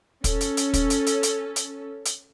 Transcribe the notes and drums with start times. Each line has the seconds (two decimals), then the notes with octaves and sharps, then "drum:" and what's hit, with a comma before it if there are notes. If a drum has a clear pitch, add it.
0.24 C#4 A4, drum: kick, hi-hat
0.41 drum: hi-hat
0.57 drum: hi-hat
0.74 drum: kick, hi-hat
0.90 drum: hi-hat
1.06 drum: hi-hat
1.23 drum: hi-hat
1.56 drum: hi-hat
2.05 drum: hi-hat